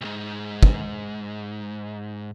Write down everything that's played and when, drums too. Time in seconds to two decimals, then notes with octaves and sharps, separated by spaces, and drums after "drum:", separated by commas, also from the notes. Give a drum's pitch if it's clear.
0.01 C2 G#2
0.63 drum: kick